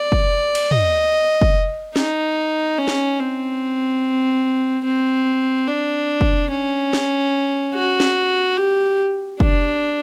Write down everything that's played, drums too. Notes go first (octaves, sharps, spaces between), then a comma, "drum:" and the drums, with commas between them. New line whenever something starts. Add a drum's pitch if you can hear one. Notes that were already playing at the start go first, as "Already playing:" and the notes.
Already playing: D5
drum: kick
drum: cymbal
D#5, drum: tom
drum: kick
D#4, drum: snare
C#4
drum: snare
C4
C4
D4
drum: kick
C#4
drum: snare
F#4
drum: snare
G4
D4, drum: kick